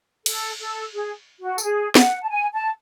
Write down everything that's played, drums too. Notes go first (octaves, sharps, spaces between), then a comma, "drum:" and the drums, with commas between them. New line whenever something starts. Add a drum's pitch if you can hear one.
A4, drum: cymbal
A4
G#4
F#4
A4, drum: tambourine
G#4
F#5, drum: snare
A5
G#5
A5